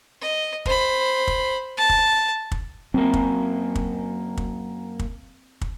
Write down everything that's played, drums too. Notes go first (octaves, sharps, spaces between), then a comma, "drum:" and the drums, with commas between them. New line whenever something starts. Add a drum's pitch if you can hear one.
D#5
C5 B5, drum: kick
drum: kick
A5
drum: kick
drum: kick
F#2 A#3 C4
drum: kick
drum: kick
drum: kick
drum: kick
drum: kick